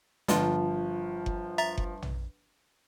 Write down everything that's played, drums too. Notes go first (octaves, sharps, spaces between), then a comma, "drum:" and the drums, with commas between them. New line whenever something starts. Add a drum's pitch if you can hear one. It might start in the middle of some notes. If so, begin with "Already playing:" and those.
G1 F3 G3 G#3 F4, drum: hi-hat
drum: kick F#1
E5 A#5 A6
drum: kick F#1
drum: tom